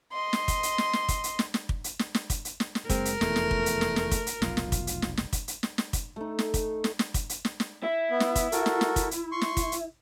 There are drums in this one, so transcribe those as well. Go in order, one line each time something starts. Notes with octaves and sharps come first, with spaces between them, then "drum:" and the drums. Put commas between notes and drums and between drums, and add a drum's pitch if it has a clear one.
D#5 C6
drum: snare
drum: kick, hi-hat
drum: hi-hat
drum: snare
drum: snare
drum: kick, hi-hat
drum: hi-hat
drum: snare
drum: snare
drum: kick
drum: hi-hat
drum: snare
drum: snare
drum: kick, hi-hat
drum: hi-hat
drum: snare
drum: snare
F#1 G#3 C4 A#4, drum: kick, hi-hat
drum: hi-hat
F1 E2 A3, drum: snare
drum: snare
drum: kick
drum: hi-hat
drum: snare
drum: snare
drum: kick, hi-hat
drum: hi-hat
F1 B1 F4, drum: snare
drum: snare
drum: kick, hi-hat
drum: hi-hat
drum: snare
drum: snare
drum: kick, hi-hat
drum: hi-hat
drum: snare
drum: snare
drum: kick, hi-hat
A3 D#4
drum: snare
drum: kick, hi-hat
drum: snare
drum: snare
drum: kick, hi-hat
drum: hi-hat
drum: snare
drum: snare
E4
B3
drum: snare
drum: kick, hi-hat
F#4 A4 A#4, drum: hi-hat
drum: snare
drum: snare
drum: kick, hi-hat
drum: hi-hat
C6 C#6
drum: snare
drum: kick, hi-hat
drum: hi-hat